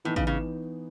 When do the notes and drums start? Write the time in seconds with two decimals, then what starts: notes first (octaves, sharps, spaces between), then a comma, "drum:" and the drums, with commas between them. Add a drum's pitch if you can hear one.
0.05 A2 E3 B3 D#4
0.16 C#3, drum: kick
0.27 C#3